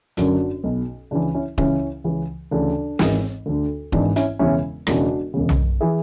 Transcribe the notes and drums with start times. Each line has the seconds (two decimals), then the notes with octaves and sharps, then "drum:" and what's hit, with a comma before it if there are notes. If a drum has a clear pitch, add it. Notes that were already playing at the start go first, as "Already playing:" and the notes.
0.17 F#1 F#2 D3 D4 F#4, drum: hi-hat
0.64 B1 B2
1.11 C#2 C#3 E3 D4
1.35 C#4 E4
1.58 C#2 C#3 E3 C#4 E4, drum: kick D#1
2.04 C#2 C#3 E3
2.51 D2 C#3 E3 D4
2.99 G#1 G#2 E3, drum: snare
3.46 D2 D3
3.92 G#1 G#2 E3 D4, drum: kick D#1
4.16 C#4 E4, drum: hi-hat
4.39 E1 E2 C#3 E3 C#4 E4
4.87 E1 E2 C#3 E3 D4 F#4, drum: rim click
5.34 E1 E2 C#3
5.49 drum: tom B1
5.80 E3 E4 G#4